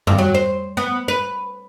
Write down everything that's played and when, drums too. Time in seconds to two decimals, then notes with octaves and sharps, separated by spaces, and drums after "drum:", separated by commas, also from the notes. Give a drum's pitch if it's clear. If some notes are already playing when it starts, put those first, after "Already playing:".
0.07 G2, drum: tom
0.18 F#3
0.35 C5
0.77 B3
1.08 B4